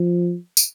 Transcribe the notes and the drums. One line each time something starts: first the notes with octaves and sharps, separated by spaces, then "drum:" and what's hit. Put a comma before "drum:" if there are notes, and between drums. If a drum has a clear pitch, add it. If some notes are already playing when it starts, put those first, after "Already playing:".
Already playing: F3
drum: tambourine